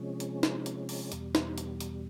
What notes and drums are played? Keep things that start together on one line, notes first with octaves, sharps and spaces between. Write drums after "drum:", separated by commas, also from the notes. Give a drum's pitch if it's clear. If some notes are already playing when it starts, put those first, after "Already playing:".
Already playing: C3 F3 G#3 C#4
drum: hi-hat
drum: snare
drum: hi-hat
drum: open hi-hat
E2 B2 G3, drum: hi-hat
drum: snare
drum: hi-hat
drum: hi-hat